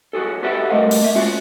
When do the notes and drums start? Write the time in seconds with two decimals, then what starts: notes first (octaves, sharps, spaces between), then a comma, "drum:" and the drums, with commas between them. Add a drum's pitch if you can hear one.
0.13 F#3 F#4 G#4 A4
0.43 F#4 G4 A4 B4 E5 F#5
0.70 G3 A3 A#4 D#5 F5
0.91 drum: open hi-hat
1.02 A#3 E5
1.14 G#3 C#4 F4 F#4